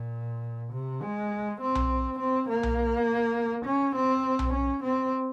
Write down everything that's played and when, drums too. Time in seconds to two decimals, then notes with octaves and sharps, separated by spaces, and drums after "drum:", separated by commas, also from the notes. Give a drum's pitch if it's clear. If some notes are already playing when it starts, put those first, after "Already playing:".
Already playing: A#2
0.73 C3
1.02 G#3
1.61 C4
1.75 drum: tom B1
2.19 C4
2.49 A#3
2.63 drum: tom B1
3.66 C#4
3.95 C4
4.39 drum: tom B1
4.53 C#4
4.83 C4